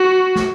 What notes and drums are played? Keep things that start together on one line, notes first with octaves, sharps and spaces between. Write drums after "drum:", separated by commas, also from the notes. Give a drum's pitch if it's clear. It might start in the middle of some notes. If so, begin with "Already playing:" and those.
Already playing: F#4
drum: snare